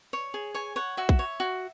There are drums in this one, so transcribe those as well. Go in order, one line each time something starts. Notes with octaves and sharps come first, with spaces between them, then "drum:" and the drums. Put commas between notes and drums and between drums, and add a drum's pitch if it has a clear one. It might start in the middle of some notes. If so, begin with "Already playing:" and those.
C#5
G#4
C#5 G#5
C#5 F#5
F#4 E5
drum: kick A#1
C#5
F#4